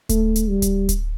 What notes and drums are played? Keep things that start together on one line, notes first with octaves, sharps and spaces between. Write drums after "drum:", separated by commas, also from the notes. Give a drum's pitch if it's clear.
A3, drum: kick D1, hi-hat
drum: hi-hat
G3
drum: kick D1, hi-hat
drum: kick D1, hi-hat